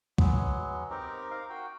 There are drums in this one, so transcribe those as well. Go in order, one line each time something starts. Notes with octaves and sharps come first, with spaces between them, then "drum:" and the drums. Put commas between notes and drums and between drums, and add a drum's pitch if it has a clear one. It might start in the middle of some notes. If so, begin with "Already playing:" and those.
F#3 G#3 B3, drum: kick C2
C4 D#4 G4 A#4
A#4 F5
F#4 G5